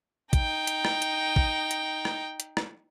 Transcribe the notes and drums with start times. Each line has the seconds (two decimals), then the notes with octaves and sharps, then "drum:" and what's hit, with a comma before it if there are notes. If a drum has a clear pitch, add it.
0.33 D#4 G5, drum: kick A1, hi-hat
0.67 drum: hi-hat
0.85 drum: rim click
1.02 drum: hi-hat
1.36 drum: kick A1
1.71 drum: hi-hat
2.05 drum: rim click
2.40 drum: hi-hat
2.57 drum: rim click